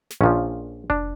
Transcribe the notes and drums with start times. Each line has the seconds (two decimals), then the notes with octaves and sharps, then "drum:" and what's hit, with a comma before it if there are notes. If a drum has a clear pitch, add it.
0.10 drum: snare
0.21 A#1 A#2 F3 C#4
0.90 D4, drum: kick F1